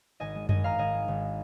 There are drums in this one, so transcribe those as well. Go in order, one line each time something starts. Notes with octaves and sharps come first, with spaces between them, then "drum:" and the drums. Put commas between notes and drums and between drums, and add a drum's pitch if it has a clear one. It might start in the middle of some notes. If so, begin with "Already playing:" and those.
G#1 D#5 G#5
G#3
G#1 D#5 G#5, drum: tom F#2
G#2 F5 A#5
G#1 D#5 G#5
G#3
G#1